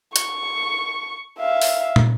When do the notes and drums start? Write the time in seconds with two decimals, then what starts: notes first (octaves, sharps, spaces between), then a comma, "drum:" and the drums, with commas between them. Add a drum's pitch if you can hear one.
0.16 C#6, drum: hi-hat
1.39 E5 F5
1.62 drum: open hi-hat
1.96 drum: tom